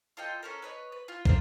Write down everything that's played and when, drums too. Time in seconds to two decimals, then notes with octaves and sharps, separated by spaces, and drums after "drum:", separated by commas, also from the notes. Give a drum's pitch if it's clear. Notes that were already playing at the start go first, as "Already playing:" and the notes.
0.17 F4 A4 D#5 G5
0.43 C#4 A4 A#4
0.62 B4 C#5 D#5
0.92 B4
1.08 F4
1.25 D4 F4 A#4 C5, drum: kick